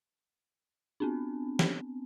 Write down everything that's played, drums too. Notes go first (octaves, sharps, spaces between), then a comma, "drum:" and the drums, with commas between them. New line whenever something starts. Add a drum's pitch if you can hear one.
B3 C4 D4
drum: snare